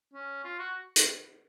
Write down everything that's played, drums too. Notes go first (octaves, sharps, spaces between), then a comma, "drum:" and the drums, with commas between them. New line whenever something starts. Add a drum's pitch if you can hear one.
C#4
F4
F#4
drum: hi-hat